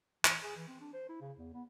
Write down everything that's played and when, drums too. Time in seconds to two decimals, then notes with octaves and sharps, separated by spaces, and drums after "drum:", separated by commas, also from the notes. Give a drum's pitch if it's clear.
0.25 E3, drum: clap
0.43 G#4
0.57 E3
0.68 C4
0.81 D4
0.94 C5
1.09 E4
1.21 C#3
1.38 E2
1.54 B3